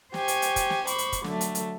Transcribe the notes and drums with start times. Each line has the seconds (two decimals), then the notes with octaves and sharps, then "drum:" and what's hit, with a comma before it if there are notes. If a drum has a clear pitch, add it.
0.14 G4 C5 G#5 C#6, drum: snare
0.28 drum: hi-hat
0.42 drum: hi-hat
0.56 drum: kick, hi-hat
0.70 drum: snare
0.87 C5 B5 C#6 D6, drum: hi-hat
0.98 drum: hi-hat
1.12 drum: kick, hi-hat
1.24 D3 F#3 A3, drum: snare
1.41 drum: hi-hat
1.55 drum: hi-hat